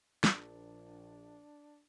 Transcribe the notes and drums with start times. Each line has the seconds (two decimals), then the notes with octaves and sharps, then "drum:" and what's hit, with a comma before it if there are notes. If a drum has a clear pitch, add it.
0.24 A#1 D4, drum: snare